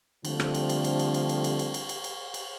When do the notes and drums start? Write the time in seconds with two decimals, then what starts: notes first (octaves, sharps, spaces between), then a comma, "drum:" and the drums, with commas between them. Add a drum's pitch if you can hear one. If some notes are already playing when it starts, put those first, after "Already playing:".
0.25 D3 F3 G3 A3 C4, drum: cymbal
0.40 drum: rim click
0.55 drum: cymbal
0.69 drum: cymbal
0.84 drum: cymbal
0.99 drum: cymbal
1.14 drum: cymbal
1.29 drum: cymbal
1.44 drum: cymbal
1.59 drum: cymbal
1.74 drum: cymbal
1.89 drum: cymbal
2.04 drum: cymbal
2.34 drum: cymbal